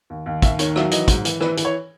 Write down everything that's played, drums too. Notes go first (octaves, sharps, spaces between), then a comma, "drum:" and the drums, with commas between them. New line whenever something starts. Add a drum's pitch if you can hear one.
D#2
D#2
D#2 E5, drum: kick, hi-hat
D#3 C#5, drum: hi-hat
F#3 E5, drum: rim click
E3 D#5, drum: hi-hat
G#2, drum: kick, hi-hat
E3, drum: hi-hat
E3 B4, drum: rim click
E3, drum: hi-hat
C#5